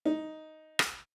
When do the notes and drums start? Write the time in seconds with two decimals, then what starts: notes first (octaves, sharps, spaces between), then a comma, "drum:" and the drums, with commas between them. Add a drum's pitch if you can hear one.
0.05 D#4
0.79 drum: rim click